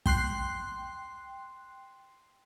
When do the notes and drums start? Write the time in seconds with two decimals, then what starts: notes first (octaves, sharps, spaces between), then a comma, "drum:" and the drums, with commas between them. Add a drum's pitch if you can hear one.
0.06 G5 C6 F#6 C7, drum: kick